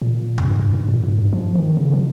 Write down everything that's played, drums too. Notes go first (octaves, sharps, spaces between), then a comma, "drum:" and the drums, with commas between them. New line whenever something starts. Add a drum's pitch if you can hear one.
A#2
F2, drum: tom C3
G2
G2
G#2
A#2
G#2
G2
F3
D#3
C#3
F3